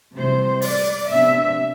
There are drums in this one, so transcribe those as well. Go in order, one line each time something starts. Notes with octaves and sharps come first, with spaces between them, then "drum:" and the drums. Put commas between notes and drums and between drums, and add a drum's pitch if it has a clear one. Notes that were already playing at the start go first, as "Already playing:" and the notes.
C3 E3 G3 C5
D5, drum: open hi-hat
C3 F3 B3 D4 E5